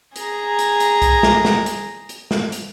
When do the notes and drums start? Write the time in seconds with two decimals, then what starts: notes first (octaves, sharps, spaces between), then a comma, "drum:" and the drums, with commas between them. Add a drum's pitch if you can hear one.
0.16 G#4 A#5, drum: hi-hat
0.59 drum: hi-hat
0.80 drum: hi-hat
1.02 drum: kick C2, hi-hat
1.23 drum: snare
1.45 drum: snare
1.66 drum: hi-hat
2.09 drum: hi-hat
2.31 drum: snare
2.52 drum: hi-hat